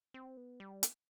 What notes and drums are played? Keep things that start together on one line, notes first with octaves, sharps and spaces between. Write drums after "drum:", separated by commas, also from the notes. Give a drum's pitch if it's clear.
C4
B3
G3
drum: hi-hat